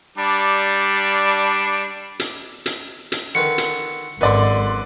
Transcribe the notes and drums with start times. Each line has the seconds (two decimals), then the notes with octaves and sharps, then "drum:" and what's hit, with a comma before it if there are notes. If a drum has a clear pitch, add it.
0.18 G3 D4
2.20 drum: hi-hat
2.66 drum: hi-hat
3.12 drum: hi-hat
3.35 D3 D#3 B4 C#7
3.58 drum: hi-hat
4.21 G#1 F#2 D3 B4 D5 C6